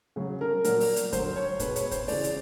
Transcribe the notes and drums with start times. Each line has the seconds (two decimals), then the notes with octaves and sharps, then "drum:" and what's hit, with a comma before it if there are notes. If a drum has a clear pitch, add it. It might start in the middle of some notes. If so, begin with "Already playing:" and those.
0.16 C#3 F#3
0.41 A#4
0.64 A#2 F#3 A#4, drum: hi-hat
0.80 drum: open hi-hat
0.96 drum: hi-hat
1.13 D3 F#3 C5, drum: kick, hi-hat
1.36 C#5
1.60 B2 G#3 B4, drum: kick, hi-hat
1.76 C#5, drum: hi-hat
1.91 C5, drum: kick, hi-hat
2.08 C#3 E3 G#3 D5, drum: open hi-hat
2.24 drum: hi-hat